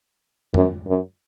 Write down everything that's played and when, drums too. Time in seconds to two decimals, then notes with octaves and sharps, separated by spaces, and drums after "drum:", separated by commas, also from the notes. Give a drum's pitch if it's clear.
0.54 F#2, drum: tom
0.87 F#2